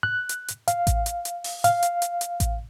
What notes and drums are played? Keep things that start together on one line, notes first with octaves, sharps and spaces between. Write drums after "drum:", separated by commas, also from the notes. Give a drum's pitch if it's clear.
F#6
drum: hi-hat
drum: hi-hat
F5, drum: hi-hat
drum: kick A1, hi-hat
drum: hi-hat
drum: hi-hat
drum: open hi-hat
F5, drum: hi-hat
drum: hi-hat
drum: hi-hat
drum: hi-hat
drum: kick A1, hi-hat